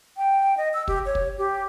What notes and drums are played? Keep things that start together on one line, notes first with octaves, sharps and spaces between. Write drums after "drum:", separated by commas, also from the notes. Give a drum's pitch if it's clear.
G5
D#5
E6
G4, drum: kick
C#5
drum: kick
G4